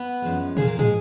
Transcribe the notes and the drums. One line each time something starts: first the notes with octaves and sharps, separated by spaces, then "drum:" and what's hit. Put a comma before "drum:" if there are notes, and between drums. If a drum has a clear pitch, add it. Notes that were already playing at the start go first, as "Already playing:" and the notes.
Already playing: B3 B4
F#2 F3 G#3
A#2 F3 A#3 G#4, drum: tom
A#4
G#3 G#4, drum: tom